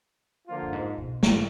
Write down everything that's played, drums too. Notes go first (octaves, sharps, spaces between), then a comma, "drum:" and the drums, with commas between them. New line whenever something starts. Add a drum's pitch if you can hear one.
D3 F3 A#3 F4
F#2
G#2
B2
D3, drum: snare